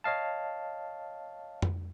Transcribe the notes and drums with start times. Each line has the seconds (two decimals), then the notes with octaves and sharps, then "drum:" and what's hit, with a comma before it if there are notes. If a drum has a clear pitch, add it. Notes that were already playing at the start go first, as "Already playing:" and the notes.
0.04 C#5 D#5 F5 A5
1.62 drum: tom F2